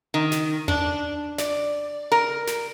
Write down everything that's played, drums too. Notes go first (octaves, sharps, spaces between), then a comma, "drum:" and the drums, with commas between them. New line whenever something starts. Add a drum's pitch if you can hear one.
D#3
drum: snare
D4, drum: tom E2
D5, drum: snare
A#4
drum: snare